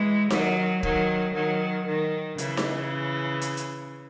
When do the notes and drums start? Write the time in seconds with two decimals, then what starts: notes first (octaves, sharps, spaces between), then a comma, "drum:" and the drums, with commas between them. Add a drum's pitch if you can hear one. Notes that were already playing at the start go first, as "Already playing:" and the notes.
Already playing: E3 G#3
0.30 D#3 F#3, drum: snare D#4
0.83 D#3 F#3, drum: kick
1.34 D#3 F#3
1.86 D#3
2.38 C#3 E3, drum: hi-hat
2.57 drum: snare D#4
3.42 drum: hi-hat
3.57 drum: hi-hat